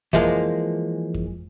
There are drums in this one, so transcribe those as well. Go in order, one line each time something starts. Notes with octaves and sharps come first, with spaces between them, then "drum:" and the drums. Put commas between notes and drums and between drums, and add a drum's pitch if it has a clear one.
E3 F3 G#3 A#3, drum: kick F2
drum: kick F2